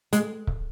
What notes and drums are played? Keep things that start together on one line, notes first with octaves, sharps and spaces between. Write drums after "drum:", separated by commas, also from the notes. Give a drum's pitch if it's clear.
G#3, drum: hi-hat
drum: kick C#1